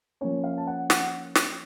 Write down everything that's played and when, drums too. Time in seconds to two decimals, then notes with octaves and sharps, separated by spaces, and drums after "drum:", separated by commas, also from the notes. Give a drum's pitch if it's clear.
0.21 F3 A#3 C#4 C#5
0.44 F5
0.58 A5
0.67 F#5
0.90 F#5, drum: snare
1.35 drum: snare